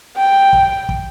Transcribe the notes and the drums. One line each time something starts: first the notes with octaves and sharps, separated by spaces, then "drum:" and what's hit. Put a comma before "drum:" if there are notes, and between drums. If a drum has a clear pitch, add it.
G5
drum: kick
drum: kick